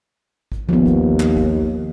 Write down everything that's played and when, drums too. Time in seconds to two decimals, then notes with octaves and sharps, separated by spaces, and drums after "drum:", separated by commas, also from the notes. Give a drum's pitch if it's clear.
0.52 drum: kick G#1
0.69 D#2 F3 B3
0.86 drum: kick G#1
1.20 drum: clap
1.37 drum: kick G#1